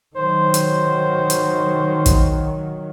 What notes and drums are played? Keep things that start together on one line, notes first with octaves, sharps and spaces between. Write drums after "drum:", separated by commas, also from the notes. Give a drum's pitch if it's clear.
D#3 F#3 C5
drum: hi-hat
drum: hi-hat
drum: kick, hi-hat